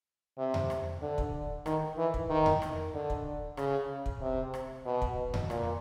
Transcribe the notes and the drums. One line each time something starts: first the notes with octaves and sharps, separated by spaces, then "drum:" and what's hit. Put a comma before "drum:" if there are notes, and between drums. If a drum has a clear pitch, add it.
C3
drum: tom E2
drum: rim click
D3
drum: kick
D#3, drum: rim click
E3
drum: kick
D#3
drum: tom E2
drum: rim click
D3
drum: kick
C#3, drum: rim click
drum: kick
C3
drum: rim click
B2
drum: kick
drum: tom E2
A#2, drum: rim click